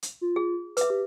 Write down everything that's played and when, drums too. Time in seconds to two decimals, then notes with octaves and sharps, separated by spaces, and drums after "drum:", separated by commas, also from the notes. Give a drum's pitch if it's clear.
0.03 drum: hi-hat
0.21 F4
0.36 G#4
0.77 B4 E5 D6, drum: hi-hat
0.90 G4